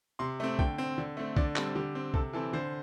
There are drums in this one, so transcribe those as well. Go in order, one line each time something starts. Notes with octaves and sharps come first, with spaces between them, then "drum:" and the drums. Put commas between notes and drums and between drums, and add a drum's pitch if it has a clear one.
C3 C6
A3 C4
D3 G5, drum: kick B1
C4
D3
A3 C4
D3 D5, drum: kick B1
G3 C4 A4, drum: clap
D3 G4
C4
C3 A4, drum: kick B1
E3 C4 A4
D3 C5